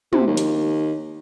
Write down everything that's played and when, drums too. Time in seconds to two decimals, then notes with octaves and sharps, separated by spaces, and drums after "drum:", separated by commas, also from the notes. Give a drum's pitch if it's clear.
0.13 C3, drum: tom
0.27 D#2
0.37 drum: hi-hat